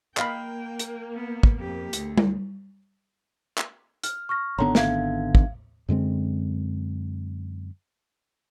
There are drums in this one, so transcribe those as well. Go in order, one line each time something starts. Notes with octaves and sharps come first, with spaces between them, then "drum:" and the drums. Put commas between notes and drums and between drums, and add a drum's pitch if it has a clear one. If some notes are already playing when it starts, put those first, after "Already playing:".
A#3 D#5 F5 G5 B5, drum: clap
drum: hi-hat
B3
drum: kick
F2 G4
D2, drum: hi-hat
drum: tom G3
drum: clap
F6, drum: hi-hat
C#6 F6 A#6
G#1 D3 B3 C#5 A#5 C6
E5 F5 G#6, drum: snare
drum: kick
F#2 D3 G#3 C4